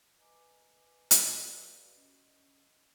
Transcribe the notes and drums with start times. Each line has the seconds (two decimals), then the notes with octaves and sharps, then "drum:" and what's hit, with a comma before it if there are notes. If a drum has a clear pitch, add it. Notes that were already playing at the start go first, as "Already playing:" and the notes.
0.18 B4 D#5 G#5 A#5 D6
1.11 drum: hi-hat
1.21 B3 A4
1.38 F#4 G4 B4 D5 F5
1.95 C#4 D#5